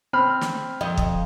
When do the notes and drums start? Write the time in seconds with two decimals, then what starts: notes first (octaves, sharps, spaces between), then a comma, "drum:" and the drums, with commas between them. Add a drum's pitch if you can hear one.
0.13 C4 B5 F6
0.41 drum: snare
0.81 F2 D#5
0.97 drum: kick